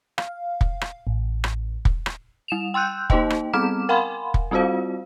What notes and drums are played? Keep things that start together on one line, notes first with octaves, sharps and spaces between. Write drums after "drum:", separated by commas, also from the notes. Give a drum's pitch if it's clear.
F5, drum: rim click
drum: kick
drum: rim click
A1
drum: rim click
drum: kick
drum: rim click
G3 E7 F7
G5 C6 E6 F#6 G6
A#3 D#4 C5 D#5 G5, drum: kick
drum: rim click
G3 B3 C4 D6 F6 E7
A#4 F5 F#5 G#5 B5 C6
drum: kick
G3 C4 F4 F#4 C5 F5